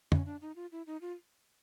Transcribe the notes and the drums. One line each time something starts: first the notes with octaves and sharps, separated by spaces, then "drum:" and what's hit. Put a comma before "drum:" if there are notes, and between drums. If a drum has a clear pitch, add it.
C#4, drum: tom
D4
D#4
F4
E4
D#4
F4